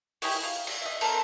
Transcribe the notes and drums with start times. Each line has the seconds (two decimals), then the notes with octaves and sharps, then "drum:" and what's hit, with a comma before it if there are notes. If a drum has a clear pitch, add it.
0.22 C#4 D#4 E4 G4, drum: open hi-hat
0.43 F5
0.67 E6, drum: cymbal
0.82 D#5 E5
1.01 C4 A4 A#4, drum: cymbal